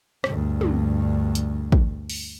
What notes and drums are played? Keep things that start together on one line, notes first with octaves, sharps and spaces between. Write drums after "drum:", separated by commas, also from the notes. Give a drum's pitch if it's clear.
D2 G2, drum: rim click
drum: tom
drum: hi-hat
drum: kick A1
drum: open hi-hat